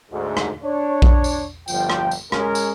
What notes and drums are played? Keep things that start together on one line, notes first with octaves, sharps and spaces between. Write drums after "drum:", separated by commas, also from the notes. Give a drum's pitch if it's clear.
D2 G#2
drum: rim click
D4 C#5
drum: kick A#1
drum: tambourine
G1 F3 G5, drum: tambourine
drum: rim click
drum: tambourine
G#3 C#4 A#4, drum: rim click
drum: tambourine